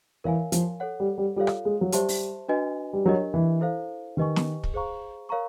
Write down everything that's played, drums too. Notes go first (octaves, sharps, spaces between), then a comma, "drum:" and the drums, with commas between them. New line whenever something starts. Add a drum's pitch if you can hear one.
E3 A#4 C#5 F5 G#5
F3, drum: hi-hat
A4 C#5 F#5
G3
G3
G3 F4 A4 C#5 F5
drum: rim click
G#3
F#3
G3 G4 C5 E5 A5 C6, drum: hi-hat
drum: open hi-hat
D4 F#4 B4 D#5 G#5
G3
F#3 D4 G4 A#4 D#5
E3
E4 A4 C5 F5
D#3 G4 B4 D#5 G#5 C#6
drum: snare
drum: kick
G#4 C5 F5 A#5 C#6
A#4 C#5 F5 A#5 C#6